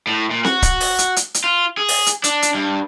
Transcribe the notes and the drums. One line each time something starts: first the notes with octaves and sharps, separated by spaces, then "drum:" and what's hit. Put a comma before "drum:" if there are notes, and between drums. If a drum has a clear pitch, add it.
A2
A#2
F#4, drum: snare C4
drum: kick C#1, hi-hat
drum: open hi-hat
drum: hi-hat
drum: hi-hat
drum: hi-hat
F4
G#4
drum: open hi-hat
drum: hi-hat
D4, drum: hi-hat
drum: hi-hat
G2